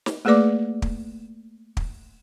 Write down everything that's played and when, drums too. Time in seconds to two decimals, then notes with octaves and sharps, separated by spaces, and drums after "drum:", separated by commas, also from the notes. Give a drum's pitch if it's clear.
0.06 drum: snare
0.25 A3 A#3 G#4 B4 D5 D6
0.82 drum: kick
1.77 drum: kick